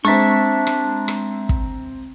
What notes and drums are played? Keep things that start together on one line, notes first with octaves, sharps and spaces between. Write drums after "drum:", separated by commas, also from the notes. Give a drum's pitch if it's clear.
G#3 C4 D4 E5 A#5 C#6 A6
drum: rim click
drum: rim click
drum: kick